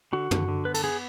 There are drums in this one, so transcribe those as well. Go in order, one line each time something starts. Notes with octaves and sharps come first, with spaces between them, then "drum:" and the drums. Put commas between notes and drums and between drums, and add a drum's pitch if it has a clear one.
D3 F#4
D3, drum: tom
D3
B3 B4
A4, drum: cymbal
B3 G#4